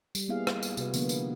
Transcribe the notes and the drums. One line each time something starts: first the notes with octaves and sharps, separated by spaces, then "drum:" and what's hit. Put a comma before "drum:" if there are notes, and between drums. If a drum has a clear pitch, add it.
G3, drum: tambourine
A#3 B3 E4 G#4 F5
drum: rim click
drum: tambourine
C3 F#4 B4, drum: tambourine
D3 F3 A#3 B3, drum: tambourine
drum: tambourine